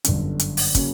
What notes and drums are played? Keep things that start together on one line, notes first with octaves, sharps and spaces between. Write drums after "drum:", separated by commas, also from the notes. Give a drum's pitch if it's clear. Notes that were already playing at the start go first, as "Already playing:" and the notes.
G1 F#2 D3, drum: hi-hat
drum: hi-hat
drum: open hi-hat
C#3 F#3 A#3 C#4, drum: kick, hi-hat